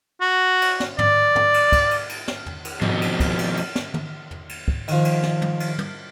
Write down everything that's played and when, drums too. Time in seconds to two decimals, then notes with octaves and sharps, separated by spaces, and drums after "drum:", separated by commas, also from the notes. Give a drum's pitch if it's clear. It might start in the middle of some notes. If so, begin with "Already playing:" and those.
0.21 F#4
0.62 drum: cymbal
0.80 drum: snare
0.99 D5, drum: tom
1.35 drum: tom
1.54 drum: cymbal
1.72 drum: kick, cymbal
1.91 drum: cymbal
2.09 drum: cymbal
2.28 drum: snare
2.46 drum: tom E2
2.65 drum: cymbal
2.81 F2 B2, drum: tom
3.02 drum: cymbal
3.20 drum: kick, cymbal
3.39 drum: cymbal
3.57 drum: cymbal
3.75 drum: snare
3.94 drum: tom
4.31 drum: tom E2
4.49 drum: cymbal
4.68 drum: kick
4.88 D#3 F3, drum: cymbal
5.05 drum: cymbal
5.23 drum: snare
5.42 drum: tom
5.60 drum: cymbal
5.79 drum: tom